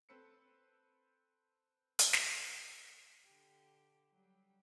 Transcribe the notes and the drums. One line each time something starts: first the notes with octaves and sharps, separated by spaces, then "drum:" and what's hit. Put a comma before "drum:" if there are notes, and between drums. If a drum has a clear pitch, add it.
C4 A4 B4 C5 E6 C#7
drum: hi-hat
drum: snare
D3 G4
F#3 G3 G4